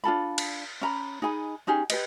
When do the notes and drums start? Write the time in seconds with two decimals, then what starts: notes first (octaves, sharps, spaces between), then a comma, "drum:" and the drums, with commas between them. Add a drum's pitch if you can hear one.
0.04 D4 F4 A4 B5
0.38 drum: cymbal
0.81 C#4 A#5 B5
1.22 D#4 G#4 G#5 B5
1.67 C#4 D#4 G4 G#4
1.90 G4 B4 D#5, drum: cymbal